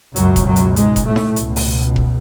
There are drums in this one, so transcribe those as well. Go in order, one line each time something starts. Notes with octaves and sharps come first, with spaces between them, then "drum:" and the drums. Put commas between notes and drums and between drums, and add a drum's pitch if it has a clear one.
C#2 F#2 B2 F#3, drum: hi-hat
drum: kick F1, hi-hat
F#2 F#3
drum: hi-hat
G#2 G#3, drum: hi-hat
drum: kick F1, hi-hat
A2 A3
drum: snare D#4
C#2 B2, drum: hi-hat
drum: open hi-hat
drum: kick F1